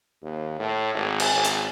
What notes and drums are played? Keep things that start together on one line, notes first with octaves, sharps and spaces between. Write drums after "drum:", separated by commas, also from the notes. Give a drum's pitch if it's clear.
D#2
A2
G#1
drum: cymbal
G#1
drum: hi-hat